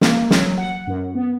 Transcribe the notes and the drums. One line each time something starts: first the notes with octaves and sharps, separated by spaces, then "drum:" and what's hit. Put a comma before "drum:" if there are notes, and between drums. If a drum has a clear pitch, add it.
A#3, drum: snare
F#3, drum: snare
F#5
F#2
B3